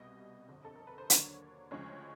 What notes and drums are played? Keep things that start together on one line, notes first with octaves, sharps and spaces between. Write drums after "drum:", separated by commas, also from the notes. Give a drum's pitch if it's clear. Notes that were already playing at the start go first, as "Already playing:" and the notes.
Already playing: C2 B2 G3 D#5
G1 F2 D3
A4
A#4
B4
C5
D#2 D3 F#3 A#3 D4 C#5, drum: hi-hat
D2 C#3 F3 G#3 C#4 C#5